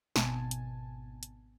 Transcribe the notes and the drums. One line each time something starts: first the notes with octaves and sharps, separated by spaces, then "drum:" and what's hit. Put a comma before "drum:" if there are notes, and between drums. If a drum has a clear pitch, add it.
G#1 B2 G#5 A5, drum: snare
drum: hi-hat
drum: hi-hat